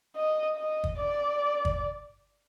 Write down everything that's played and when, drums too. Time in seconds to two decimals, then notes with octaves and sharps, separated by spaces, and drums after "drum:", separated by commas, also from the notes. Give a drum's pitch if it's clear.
0.16 D#5
0.57 D#5
0.84 drum: kick
0.97 D5
1.65 drum: kick